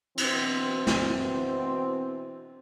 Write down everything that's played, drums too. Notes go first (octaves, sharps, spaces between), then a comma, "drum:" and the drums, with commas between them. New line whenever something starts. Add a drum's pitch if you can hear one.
B2 E3 C4, drum: cymbal
drum: snare